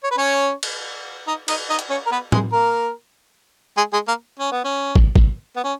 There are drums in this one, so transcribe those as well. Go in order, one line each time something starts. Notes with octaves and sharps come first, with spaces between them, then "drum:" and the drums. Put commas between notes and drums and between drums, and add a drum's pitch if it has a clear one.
C#5
B4
C#4 C#5
drum: cymbal
D#4 D#5
D#4 D#5, drum: cymbal
D#4 D#5
drum: hi-hat
C#4 C#5
A#4
B3 B4
G#3 G#4, drum: tom
A#3 A#4
G#3 G#4
G#3 G#4
A#3 A#4
C#4
B3
C#4
drum: kick
drum: kick
B3
C#4